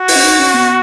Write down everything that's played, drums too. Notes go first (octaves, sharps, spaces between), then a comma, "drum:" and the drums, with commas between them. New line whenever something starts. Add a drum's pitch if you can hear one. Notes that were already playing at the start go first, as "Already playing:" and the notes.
Already playing: F#4
E4, drum: open hi-hat
C#4
D#4
C#4
B3